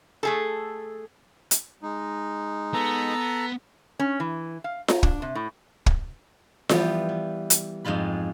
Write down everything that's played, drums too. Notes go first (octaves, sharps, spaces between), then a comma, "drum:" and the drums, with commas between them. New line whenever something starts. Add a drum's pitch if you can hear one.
A3 G#4 A4
drum: hi-hat
G#3 D#4
B3 A4 A#5
C#4
E3
F5
A#5, drum: snare F4
D4, drum: kick
C3
A2
drum: kick
E3 F3 G3 B3, drum: snare F4
B3
drum: hi-hat
F2 G#2 G#3 F4 B5